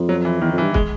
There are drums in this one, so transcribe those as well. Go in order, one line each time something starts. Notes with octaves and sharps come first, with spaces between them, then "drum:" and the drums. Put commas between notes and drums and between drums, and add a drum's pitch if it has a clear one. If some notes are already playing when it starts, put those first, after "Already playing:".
Already playing: F2
F#3
E3
E2 D#3
F2
E3
G2
G#3, drum: kick